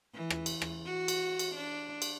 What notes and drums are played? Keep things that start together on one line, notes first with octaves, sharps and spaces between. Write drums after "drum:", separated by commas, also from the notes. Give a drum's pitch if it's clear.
E3
drum: rim click
drum: cymbal
drum: rim click
F#4
drum: cymbal
drum: cymbal
D4
drum: cymbal